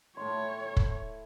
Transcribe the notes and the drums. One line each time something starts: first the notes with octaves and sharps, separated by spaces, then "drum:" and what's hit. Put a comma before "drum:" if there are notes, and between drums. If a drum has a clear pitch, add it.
A2 C#5 G5 C6
drum: kick